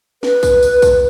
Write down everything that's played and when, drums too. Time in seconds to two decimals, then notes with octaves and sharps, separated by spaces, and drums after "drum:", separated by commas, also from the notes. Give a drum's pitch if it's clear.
0.23 B4, drum: snare
0.43 drum: kick, tambourine
0.62 drum: tambourine
0.82 drum: kick, tambourine